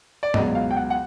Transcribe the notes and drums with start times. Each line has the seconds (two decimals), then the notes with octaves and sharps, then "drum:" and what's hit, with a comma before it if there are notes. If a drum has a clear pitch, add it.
0.23 D5
0.34 C#2 B2 F#3 D#5, drum: tom G2
0.55 F5
0.71 G5
0.76 F#5
0.90 F#5